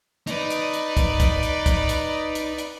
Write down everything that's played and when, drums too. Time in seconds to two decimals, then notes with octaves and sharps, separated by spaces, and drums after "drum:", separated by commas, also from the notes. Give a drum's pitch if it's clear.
0.27 D#4 B4 D5, drum: hi-hat
0.50 drum: hi-hat
0.74 drum: hi-hat
0.97 drum: kick, hi-hat
1.20 drum: kick, hi-hat
1.43 drum: hi-hat
1.66 drum: kick, hi-hat
1.89 drum: hi-hat
2.35 drum: hi-hat
2.58 drum: hi-hat